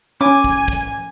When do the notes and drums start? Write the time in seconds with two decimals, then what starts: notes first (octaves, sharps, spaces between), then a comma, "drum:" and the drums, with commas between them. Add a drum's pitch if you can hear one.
0.21 C#4 G#5 D6
0.44 drum: kick
0.68 drum: kick